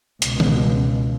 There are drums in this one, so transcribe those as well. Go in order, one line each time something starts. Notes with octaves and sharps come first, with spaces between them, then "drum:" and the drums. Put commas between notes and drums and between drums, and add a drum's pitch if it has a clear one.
C#2 B2, drum: hi-hat
drum: tom D#3